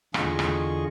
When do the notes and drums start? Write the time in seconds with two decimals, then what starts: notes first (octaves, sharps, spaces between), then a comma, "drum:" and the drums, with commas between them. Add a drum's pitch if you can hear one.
0.14 E2 D3 F4 G#4 D#5 C#6, drum: rim click
0.39 drum: rim click